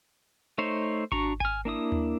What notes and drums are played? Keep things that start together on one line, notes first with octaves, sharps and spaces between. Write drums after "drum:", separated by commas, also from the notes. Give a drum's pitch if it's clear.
A3 D#4 C5 C#5
D4 F#4 A#5 C#6, drum: kick G#1
G#5 F6, drum: kick G#1
A#3 D4 E4 D#6
drum: tom D#2